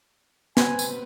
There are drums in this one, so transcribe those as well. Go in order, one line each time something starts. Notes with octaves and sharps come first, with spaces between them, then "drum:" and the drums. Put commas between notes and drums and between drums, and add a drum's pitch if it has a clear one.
B3 C4 B4 G#5, drum: snare
drum: tambourine